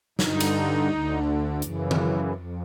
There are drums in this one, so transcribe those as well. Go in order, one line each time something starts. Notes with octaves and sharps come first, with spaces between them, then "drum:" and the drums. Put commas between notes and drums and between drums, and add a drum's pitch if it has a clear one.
G2 D3 D#4, drum: snare
drum: cymbal
D2 D3
F#2 C#3 E3, drum: hi-hat
drum: tom
F2